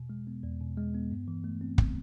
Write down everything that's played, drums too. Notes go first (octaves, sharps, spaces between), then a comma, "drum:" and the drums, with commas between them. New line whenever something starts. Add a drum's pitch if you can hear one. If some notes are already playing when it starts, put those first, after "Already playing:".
Already playing: E2 B2
G#3
B3
E2
B2
G#3
B3
G2
E3
A3
C4
drum: kick